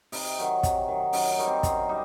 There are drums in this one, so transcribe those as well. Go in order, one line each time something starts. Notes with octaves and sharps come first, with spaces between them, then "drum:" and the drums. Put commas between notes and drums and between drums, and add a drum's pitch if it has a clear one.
C3 D#4, drum: open hi-hat
D#3 F#3
C3, drum: kick, hi-hat
D#3 F#3
F#2 D#4, drum: open hi-hat
D#4
D#3 G3
C4
F#2 C4, drum: kick, hi-hat
G3 D#4